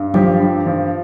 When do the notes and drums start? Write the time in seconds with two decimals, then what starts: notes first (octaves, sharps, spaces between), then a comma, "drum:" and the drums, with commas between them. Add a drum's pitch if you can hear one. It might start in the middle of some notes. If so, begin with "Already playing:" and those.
Already playing: G2
0.14 F3 G4, drum: tom F3
0.40 G2
0.66 F3